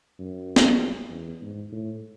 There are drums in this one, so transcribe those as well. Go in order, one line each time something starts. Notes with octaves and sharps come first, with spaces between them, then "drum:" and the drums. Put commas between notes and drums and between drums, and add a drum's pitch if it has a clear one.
F#2
drum: snare
E2
G#2
A2